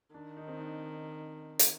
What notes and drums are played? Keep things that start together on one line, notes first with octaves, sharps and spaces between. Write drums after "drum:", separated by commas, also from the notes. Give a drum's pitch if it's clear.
D#3 D4
D#4
C4
D4
drum: hi-hat